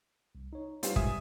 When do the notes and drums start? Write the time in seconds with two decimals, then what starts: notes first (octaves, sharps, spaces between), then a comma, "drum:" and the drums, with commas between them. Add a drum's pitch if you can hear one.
0.35 C2
0.53 D#4 C#5
0.83 G3 C4 D#4 F4 B4 C#5, drum: hi-hat
0.96 G#3 E5 G#5 D#6 F6, drum: kick